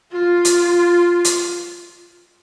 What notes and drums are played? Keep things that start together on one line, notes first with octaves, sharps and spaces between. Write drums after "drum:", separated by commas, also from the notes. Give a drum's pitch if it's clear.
F4
drum: hi-hat
drum: hi-hat